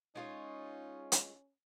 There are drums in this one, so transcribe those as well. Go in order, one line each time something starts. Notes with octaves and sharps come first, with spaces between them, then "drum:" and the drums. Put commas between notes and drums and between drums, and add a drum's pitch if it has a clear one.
G#3 C#4 D#4 F4 C#5
drum: hi-hat